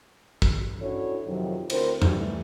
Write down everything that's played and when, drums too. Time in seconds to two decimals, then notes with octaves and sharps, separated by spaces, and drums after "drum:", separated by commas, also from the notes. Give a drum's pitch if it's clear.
0.42 drum: kick
0.81 C#4 D4 E4 F#4 A4 C#5
1.26 F2 C3 D#3 F3 F#3
1.70 D2 C4 E4 A#4 C5, drum: cymbal
2.02 E3 G3 A3, drum: tom E2